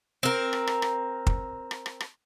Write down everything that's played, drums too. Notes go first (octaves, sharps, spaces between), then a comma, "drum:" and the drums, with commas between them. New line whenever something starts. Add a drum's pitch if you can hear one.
C4 A#4
drum: rim click
drum: rim click
drum: rim click
drum: kick
drum: rim click
drum: rim click
drum: rim click